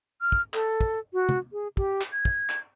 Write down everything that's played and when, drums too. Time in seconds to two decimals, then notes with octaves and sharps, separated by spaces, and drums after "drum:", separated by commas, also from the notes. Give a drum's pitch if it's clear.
0.21 F6
0.32 drum: kick
0.54 A4, drum: clap
0.81 drum: kick
1.13 F#4
1.29 drum: tom
1.53 G#4
1.77 G4, drum: kick
2.01 drum: clap
2.12 G#6
2.25 drum: kick
2.49 drum: clap